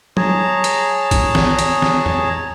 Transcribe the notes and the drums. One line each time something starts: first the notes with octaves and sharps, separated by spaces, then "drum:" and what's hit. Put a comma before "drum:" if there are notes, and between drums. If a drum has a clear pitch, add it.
G#4 C#5 A5 A#5, drum: tom F#3
drum: hi-hat
drum: kick, hi-hat
drum: snare
drum: hi-hat
drum: snare
drum: tom